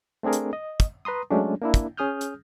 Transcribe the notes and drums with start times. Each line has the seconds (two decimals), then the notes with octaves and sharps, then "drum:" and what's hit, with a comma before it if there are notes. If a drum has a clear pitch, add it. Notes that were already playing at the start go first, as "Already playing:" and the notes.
0.23 A3 C4 D4 G#4 A#4
0.33 drum: hi-hat
0.53 D#5
0.80 drum: kick, hi-hat
1.05 B4 A#5 C6 D#6
1.30 F#3 G#3 A3 C#4 D4
1.62 A#3 D4 E4
1.74 drum: kick, hi-hat
1.97 C#4 G#4 D#6 F6 G6
2.21 drum: hi-hat